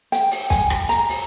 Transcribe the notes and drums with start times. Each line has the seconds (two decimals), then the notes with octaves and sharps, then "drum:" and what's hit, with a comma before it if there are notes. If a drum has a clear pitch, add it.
0.12 G5, drum: hi-hat
0.31 drum: open hi-hat
0.50 G#5, drum: kick, hi-hat
0.70 drum: rim click
0.89 A#5, drum: hi-hat
1.09 drum: open hi-hat